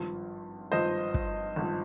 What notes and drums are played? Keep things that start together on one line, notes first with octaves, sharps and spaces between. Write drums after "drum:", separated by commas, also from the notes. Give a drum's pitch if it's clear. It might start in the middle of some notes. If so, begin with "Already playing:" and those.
Already playing: G#1 G2 F3
G#1 G2 F3 C5 D#5
drum: kick
G#1 G2 F3